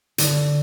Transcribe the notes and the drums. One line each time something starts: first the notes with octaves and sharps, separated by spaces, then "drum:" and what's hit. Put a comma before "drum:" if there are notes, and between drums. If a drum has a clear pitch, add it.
D3, drum: hi-hat